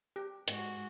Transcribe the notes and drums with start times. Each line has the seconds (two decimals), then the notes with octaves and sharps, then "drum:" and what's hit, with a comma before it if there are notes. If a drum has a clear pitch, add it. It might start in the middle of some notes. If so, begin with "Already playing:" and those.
0.16 G4
0.48 G#2 F#4, drum: hi-hat